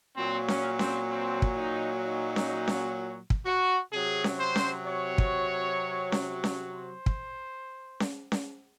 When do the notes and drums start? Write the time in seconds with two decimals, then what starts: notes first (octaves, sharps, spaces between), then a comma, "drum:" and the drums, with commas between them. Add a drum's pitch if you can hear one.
0.17 A#2 F#3 C4
0.48 C#4, drum: snare C#4
0.79 C4, drum: snare C#4
1.11 C4
1.42 drum: kick
1.58 D#4
2.05 D#4
2.36 drum: snare C#4
2.68 drum: snare C#4
3.30 drum: kick
3.46 F#4
3.93 C3 F#3 G#4
4.24 drum: snare C#4
4.40 C5
4.56 drum: snare C#4
4.87 C#5
5.18 drum: kick
6.12 drum: snare C#4
6.44 drum: snare C#4
6.75 C5
7.06 drum: kick
8.00 drum: snare C#4
8.32 drum: snare C#4